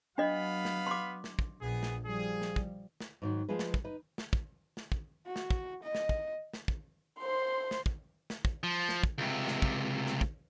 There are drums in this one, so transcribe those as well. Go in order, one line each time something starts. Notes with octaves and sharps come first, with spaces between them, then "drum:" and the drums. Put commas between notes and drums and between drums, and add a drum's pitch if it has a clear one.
F#3 B3 D4 D#5 F5 B5
drum: snare
C6 D6
drum: snare
drum: kick
A#1 B3 G#4
drum: snare
F3 G3 G#4
drum: snare
drum: kick
drum: snare
G#2 D#3 F#3
F3 G#3 F4 G#4 B4
drum: snare
drum: kick
D#4 B4
drum: snare
drum: kick
drum: snare
drum: kick
F#4
drum: snare
drum: kick
D#5
drum: snare
drum: kick
drum: snare
drum: kick
C5 C6
drum: snare
drum: kick
drum: snare
drum: kick
F3
drum: snare
drum: kick
C#2 C3
drum: snare
drum: kick
drum: snare
drum: kick